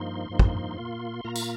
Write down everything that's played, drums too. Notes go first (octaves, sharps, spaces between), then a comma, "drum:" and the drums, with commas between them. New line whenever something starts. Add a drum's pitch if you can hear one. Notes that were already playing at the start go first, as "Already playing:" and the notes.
Already playing: G2 F3 A#3 D#4 C6
G2 F3 A#3 D#4
drum: kick
A#2 A#3 F4
A#2 A#3 F4 A#5
drum: tambourine